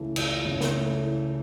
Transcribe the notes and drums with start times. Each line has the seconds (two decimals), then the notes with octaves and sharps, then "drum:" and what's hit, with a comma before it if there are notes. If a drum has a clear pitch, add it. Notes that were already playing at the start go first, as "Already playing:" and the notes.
Already playing: C#2 C#3 E3 A3
0.16 C#2, drum: cymbal
0.45 C#3
0.61 drum: snare
0.74 A3
1.02 E3